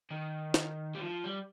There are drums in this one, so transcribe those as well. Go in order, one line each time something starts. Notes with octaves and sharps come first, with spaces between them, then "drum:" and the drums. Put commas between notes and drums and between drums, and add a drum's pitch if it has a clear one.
D#3
drum: snare
G3
F3
G3